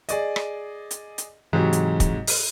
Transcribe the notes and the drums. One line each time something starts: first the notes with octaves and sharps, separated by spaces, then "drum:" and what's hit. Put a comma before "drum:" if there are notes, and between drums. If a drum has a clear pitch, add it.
G#4 D5 D#5, drum: hi-hat
drum: rim click
drum: hi-hat
drum: hi-hat
G#2 C3 E3 F#3
drum: hi-hat
drum: kick, hi-hat
drum: open hi-hat